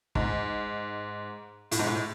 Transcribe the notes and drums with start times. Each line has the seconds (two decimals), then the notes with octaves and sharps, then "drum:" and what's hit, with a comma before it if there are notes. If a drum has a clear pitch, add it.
0.15 G#2, drum: kick
1.71 A2, drum: hi-hat
1.79 G#2
1.86 A2